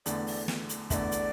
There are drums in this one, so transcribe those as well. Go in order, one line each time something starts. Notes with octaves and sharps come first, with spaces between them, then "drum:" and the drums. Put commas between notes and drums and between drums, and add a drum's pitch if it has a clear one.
E2 D3 A3 D5, drum: hi-hat
drum: open hi-hat
drum: snare
drum: hi-hat
E2 D3 A3 D5 E5, drum: kick, hi-hat
drum: hi-hat